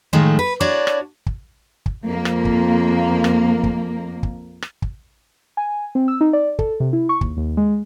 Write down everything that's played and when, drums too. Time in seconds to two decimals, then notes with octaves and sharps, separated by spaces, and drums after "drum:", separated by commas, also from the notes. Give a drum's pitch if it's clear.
0.13 A2 D#3 F3 G#3 A3
0.39 B4
0.60 D4 E4 F#4 C#5 D5
0.87 drum: rim click
1.26 drum: kick
1.86 drum: kick
2.05 F2 A#3
2.25 drum: rim click
2.45 drum: kick
3.24 drum: rim click
3.64 drum: kick
4.23 drum: kick
4.62 drum: rim click
4.82 drum: kick
5.57 G#5
5.95 C4
6.08 E6
6.21 D#4
6.33 D5
6.59 A4, drum: kick
6.80 C3
6.93 E4
7.09 C#6
7.21 D#2, drum: kick
7.37 D#2
7.57 G#3